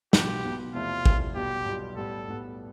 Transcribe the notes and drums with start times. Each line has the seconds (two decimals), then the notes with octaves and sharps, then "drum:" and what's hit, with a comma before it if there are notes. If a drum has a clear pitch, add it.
0.13 B1 B2 B3 F4 G4, drum: snare
0.44 B1 B2 B3 F4
0.74 E2 C3 F3 A3 E4 F4
1.06 E2 C3 F3 A3 E4, drum: kick
1.36 B1 B2 G3 B3 F4 G4
1.66 B1 B2 G3 B3 F4
1.96 A2 G3 B3 A4
2.28 A2 G3 B3